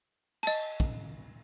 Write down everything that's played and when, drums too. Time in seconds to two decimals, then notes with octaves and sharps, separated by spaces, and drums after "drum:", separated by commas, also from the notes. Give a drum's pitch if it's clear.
0.43 D#5 A5, drum: cymbal
0.80 drum: kick